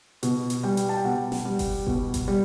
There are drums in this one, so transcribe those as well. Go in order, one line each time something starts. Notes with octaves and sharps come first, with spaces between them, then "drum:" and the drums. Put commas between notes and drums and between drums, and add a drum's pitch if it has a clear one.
B2, drum: hi-hat
drum: hi-hat
G3 G5
drum: hi-hat
A5
G5
B2 F#5
drum: snare
G3
drum: kick F#1, open hi-hat
B2, drum: kick F#1
drum: kick F#1, hi-hat
G3